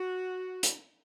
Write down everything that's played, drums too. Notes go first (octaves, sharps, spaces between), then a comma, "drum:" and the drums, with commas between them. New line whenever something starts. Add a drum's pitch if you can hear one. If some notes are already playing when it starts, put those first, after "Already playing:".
Already playing: F#4
drum: hi-hat